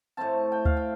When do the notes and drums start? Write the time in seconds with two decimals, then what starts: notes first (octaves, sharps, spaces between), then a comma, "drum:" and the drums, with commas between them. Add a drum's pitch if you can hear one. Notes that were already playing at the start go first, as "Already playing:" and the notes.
0.17 A2 A3 C4 A5
0.52 G5
0.65 F5, drum: kick D2
0.77 G5